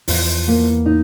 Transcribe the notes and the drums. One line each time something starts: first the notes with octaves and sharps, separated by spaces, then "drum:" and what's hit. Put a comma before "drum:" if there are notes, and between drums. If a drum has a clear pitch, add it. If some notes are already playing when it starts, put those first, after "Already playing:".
E2 F3, drum: open hi-hat
A#3
D#4